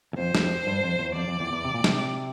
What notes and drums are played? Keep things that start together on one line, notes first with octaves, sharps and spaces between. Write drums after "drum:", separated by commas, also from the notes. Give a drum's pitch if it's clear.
E2
F2 C5
F2, drum: snare
G2
F2
E2
F2 D5
F2
E2
E2
C3
A#2
C3, drum: snare